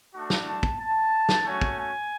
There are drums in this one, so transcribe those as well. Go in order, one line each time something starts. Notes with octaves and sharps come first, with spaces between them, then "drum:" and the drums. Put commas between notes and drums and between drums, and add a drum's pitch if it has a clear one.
A3 D4 F#4
drum: snare
A5
drum: kick
A5
drum: snare
A3 C#4 F#4 G#5
drum: kick
G#5